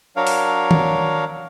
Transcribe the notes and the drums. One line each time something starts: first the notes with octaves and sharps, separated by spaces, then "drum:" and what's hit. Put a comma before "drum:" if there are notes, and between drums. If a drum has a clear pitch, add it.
F#3 D4 A#4 C#5 F5
drum: open hi-hat
drum: tom D#3